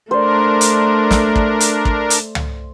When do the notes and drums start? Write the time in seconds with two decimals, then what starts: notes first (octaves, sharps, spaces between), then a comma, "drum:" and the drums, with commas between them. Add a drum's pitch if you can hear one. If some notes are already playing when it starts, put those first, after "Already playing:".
0.11 A3 D4 A#4 C5 D5
0.61 drum: hi-hat
1.11 drum: snare
1.36 drum: kick
1.60 drum: hi-hat
1.85 drum: kick
2.10 drum: hi-hat
2.35 drum: tom